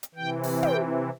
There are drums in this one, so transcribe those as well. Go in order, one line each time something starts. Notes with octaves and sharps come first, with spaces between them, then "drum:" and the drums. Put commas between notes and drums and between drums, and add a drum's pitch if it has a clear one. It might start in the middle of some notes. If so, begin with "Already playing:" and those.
drum: hi-hat
C3 E3 G5
drum: open hi-hat
G5, drum: tom